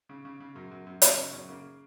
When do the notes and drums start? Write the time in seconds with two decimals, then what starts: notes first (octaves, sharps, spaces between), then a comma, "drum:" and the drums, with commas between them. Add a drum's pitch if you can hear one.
0.09 C#3
0.25 C#3
0.40 C#3
0.55 F#2
0.71 F#2
0.87 F#2
1.02 F#2 A#3, drum: hi-hat
1.17 C#3 D#4
1.33 F#2 C#4
1.49 C#3 A#3